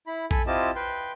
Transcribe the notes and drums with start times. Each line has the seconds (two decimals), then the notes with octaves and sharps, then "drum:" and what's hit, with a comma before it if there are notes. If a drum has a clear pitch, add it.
0.07 E4 B5
0.31 A4 G#5 B5, drum: kick A#1
0.47 C4 E4 F4 G4 D#5 A5
0.76 B4 G5 C6